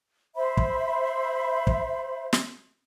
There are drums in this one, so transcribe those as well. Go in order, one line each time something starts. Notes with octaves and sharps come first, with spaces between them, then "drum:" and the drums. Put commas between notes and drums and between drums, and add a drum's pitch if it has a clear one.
C5 E5 B5
drum: kick
drum: kick
drum: snare